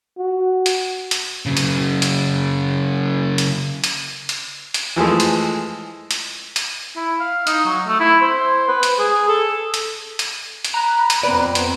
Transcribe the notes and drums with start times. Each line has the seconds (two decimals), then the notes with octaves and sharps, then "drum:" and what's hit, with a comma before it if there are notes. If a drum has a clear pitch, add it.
0.18 F#4
0.66 drum: hi-hat
1.11 drum: hi-hat
1.46 C#3 F#3
1.57 drum: hi-hat
2.02 drum: hi-hat
3.38 drum: hi-hat
3.84 drum: hi-hat
4.29 drum: hi-hat
4.74 drum: hi-hat
4.96 E3 F3 G#3 A3
5.20 drum: hi-hat
6.11 drum: hi-hat
6.56 drum: hi-hat
6.96 E4
7.20 F5
7.47 D#4, drum: hi-hat
7.65 F#3
7.87 A3
8.00 E4
8.21 C5
8.68 B4
8.83 drum: hi-hat
8.99 G#4
9.28 A4
9.74 drum: hi-hat
10.19 drum: hi-hat
10.64 drum: hi-hat
10.74 A#5 B5 F#6
11.10 drum: hi-hat
11.23 F2 B3 C4 B4 D5
11.55 drum: hi-hat